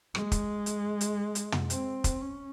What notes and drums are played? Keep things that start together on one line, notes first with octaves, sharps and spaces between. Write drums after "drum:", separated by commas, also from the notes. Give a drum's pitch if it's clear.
G#3, drum: rim click
drum: kick, hi-hat
drum: hi-hat
drum: hi-hat
drum: hi-hat
drum: tom
C4, drum: hi-hat
drum: kick, hi-hat
C#4